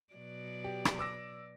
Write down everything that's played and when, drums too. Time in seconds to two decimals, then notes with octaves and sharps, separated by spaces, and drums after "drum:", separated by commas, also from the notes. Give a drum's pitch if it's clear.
0.14 B2 F#3 D5
0.64 G4
0.85 drum: rim click
0.99 D6 E6 A#6